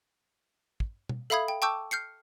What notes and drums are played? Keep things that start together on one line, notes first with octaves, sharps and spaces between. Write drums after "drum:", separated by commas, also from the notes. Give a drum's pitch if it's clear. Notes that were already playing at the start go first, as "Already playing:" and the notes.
drum: kick
drum: tom B2
A4 E5 F5 B5 D#6 G#6
G5
G5 A5 C#6 D6 E6 G6
F6 G6 C7 C#7